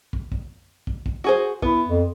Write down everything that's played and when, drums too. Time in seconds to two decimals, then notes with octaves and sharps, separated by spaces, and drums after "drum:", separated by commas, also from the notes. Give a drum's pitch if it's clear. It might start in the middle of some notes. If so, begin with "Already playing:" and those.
0.13 drum: kick
0.32 drum: kick
0.87 drum: kick
1.06 drum: kick
1.24 F#4 G#4 C5
1.62 B3 E4, drum: kick
1.88 F2